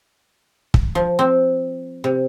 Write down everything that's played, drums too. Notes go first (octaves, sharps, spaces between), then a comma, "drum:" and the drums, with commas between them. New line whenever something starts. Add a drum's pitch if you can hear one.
drum: kick
F3
C4
C3